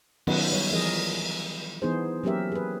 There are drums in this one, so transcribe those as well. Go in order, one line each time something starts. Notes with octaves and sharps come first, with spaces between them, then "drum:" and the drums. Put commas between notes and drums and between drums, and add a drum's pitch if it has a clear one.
D#3 F#3 B3 C#4 F#5, drum: cymbal
G3 C#5
E3 F3 G#4 A#4 D#5
E3 B3 D#4 G#4 C5
F#3 A#3 C#4 G4 A#4 E5
G#4 B4